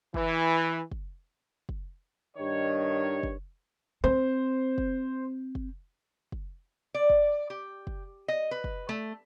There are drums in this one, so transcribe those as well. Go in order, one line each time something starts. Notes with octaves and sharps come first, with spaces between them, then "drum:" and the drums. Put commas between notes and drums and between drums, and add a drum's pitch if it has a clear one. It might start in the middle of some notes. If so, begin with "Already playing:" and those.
E3, drum: kick
drum: kick
drum: kick
G2 D#3 C#5
drum: kick
C4 C5
drum: kick
drum: kick
drum: kick
D5
drum: kick
G4
drum: kick
D#5
B4
drum: kick
A3